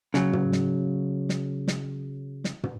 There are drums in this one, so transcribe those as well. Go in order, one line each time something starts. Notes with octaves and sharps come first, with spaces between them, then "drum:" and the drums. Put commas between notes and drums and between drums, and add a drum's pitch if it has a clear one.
C#3 F#3, drum: snare
drum: tom
drum: snare
drum: snare
drum: snare
drum: snare
drum: tom